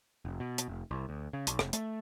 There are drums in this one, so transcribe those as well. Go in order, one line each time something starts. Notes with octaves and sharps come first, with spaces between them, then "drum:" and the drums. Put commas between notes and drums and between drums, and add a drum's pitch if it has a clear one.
F1
B2
drum: hi-hat
F1
C2
D2
C#3
B1, drum: hi-hat
F1, drum: rim click
A3, drum: hi-hat